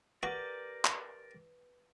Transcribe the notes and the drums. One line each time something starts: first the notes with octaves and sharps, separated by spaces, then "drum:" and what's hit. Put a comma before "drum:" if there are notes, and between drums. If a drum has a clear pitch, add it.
F#4 G4 A#4 B4 D5
drum: clap